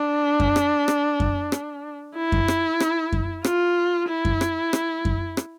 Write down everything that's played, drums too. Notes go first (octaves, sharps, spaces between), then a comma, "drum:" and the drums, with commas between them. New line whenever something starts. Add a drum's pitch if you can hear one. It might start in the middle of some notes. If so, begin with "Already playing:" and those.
Already playing: D4
drum: kick F#2
drum: rim click
drum: rim click
drum: kick F#2
drum: rim click
E4
drum: kick F#2
drum: rim click
drum: rim click
drum: kick F#2
F4, drum: rim click
E4
drum: kick F#2
drum: rim click
drum: rim click
drum: kick F#2
drum: rim click